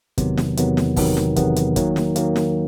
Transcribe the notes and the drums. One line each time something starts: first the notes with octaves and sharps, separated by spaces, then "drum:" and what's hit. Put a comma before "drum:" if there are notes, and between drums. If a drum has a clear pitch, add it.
E2 C3 D#3 F#3 B3, drum: kick, hi-hat
drum: snare
E2 C3 D#3 F#3 B3, drum: hi-hat
drum: snare
E2 C3 D#3 F#3 B3, drum: kick, open hi-hat
drum: snare
E2 C3 D#3 F#3 B3, drum: kick, hi-hat
drum: hi-hat
D#3 F#3 A#3, drum: kick, hi-hat
drum: snare
D#3 F#3 A#3, drum: hi-hat
drum: snare